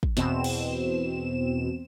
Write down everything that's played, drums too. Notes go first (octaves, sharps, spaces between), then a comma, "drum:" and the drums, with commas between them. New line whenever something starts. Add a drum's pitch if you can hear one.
drum: kick
E2 B2 C4 E7, drum: snare
drum: cymbal